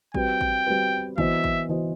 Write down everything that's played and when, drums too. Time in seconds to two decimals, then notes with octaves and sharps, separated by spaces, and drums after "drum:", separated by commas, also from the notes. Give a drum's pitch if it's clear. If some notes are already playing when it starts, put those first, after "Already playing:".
0.14 G3 C4 F#4 B4 G5, drum: kick A1
0.41 drum: kick A1
0.67 G3 C4 F#4 B4
1.18 E3 B3 F#4 C5 D#5 E5, drum: kick A1
1.44 drum: kick A1
1.69 E3 B3 F#4 C5 D#5